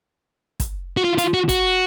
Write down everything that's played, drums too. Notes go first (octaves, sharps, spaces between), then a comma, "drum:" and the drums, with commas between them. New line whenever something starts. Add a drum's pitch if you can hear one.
drum: kick, hi-hat
F#4
F4
F4, drum: hi-hat
F#4
F#4, drum: kick, hi-hat